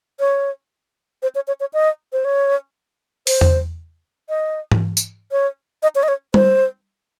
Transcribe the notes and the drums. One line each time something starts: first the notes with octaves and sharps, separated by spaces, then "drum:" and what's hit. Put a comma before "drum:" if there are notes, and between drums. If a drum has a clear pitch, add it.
C#5
C5
C#5
C#5
C#5
D#5
C5
C#5
C5, drum: open hi-hat
drum: tom E2
D#5
drum: tom G#2
drum: tambourine
C#5
D#5
C#5
D#5
C#5
C5, drum: tom G3